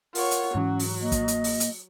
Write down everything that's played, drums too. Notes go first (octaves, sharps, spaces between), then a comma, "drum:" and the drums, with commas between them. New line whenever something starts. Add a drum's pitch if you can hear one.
F4 A#4 C#5 F#5, drum: open hi-hat
drum: hi-hat
G#2 E3 F#3 C#4
drum: open hi-hat
A#3 D#5
drum: kick, hi-hat
drum: hi-hat
drum: open hi-hat
drum: hi-hat